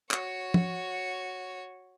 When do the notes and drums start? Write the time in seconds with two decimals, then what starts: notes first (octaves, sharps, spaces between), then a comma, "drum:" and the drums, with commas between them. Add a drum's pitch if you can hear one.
0.11 F#4 C#5, drum: clap
0.54 drum: tom